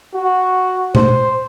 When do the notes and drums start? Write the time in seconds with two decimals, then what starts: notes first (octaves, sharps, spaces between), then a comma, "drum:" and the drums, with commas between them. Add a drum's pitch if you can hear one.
0.14 F#4
0.95 C5, drum: tom B2